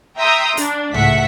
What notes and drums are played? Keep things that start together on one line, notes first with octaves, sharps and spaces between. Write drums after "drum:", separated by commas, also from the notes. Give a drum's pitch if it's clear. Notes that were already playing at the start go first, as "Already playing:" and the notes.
E5 G5 A#5 C6 D#6
D4, drum: open hi-hat
C#2 A2 A3 E5 F#5 B6, drum: tom G#2